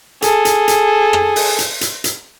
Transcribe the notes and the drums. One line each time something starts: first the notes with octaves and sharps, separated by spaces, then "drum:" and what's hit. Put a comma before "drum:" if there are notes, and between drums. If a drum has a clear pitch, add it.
G#4 A4, drum: hi-hat
drum: hi-hat
drum: hi-hat
drum: rim click
drum: open hi-hat
drum: hi-hat
drum: hi-hat
drum: hi-hat